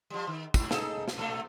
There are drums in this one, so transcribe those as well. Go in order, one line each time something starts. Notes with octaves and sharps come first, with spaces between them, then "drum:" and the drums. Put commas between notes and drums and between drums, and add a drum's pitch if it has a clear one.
F3 G3
D#3
G#2, drum: kick, tambourine
D#4 G#4 A4, drum: snare
drum: snare
A#2 A3 A4